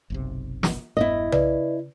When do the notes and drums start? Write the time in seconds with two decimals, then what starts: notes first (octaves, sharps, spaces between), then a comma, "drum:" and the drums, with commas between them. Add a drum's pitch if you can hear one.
0.10 F#1 B1 C3
0.63 drum: snare
0.97 E1 G2 B3 E4 D#5
1.32 C#3 B4 D5, drum: tom B1